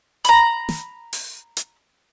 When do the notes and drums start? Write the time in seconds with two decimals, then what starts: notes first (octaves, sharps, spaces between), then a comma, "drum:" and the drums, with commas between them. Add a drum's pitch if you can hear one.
0.25 A#5 B5, drum: hi-hat
0.69 drum: snare
1.13 drum: open hi-hat
1.57 drum: hi-hat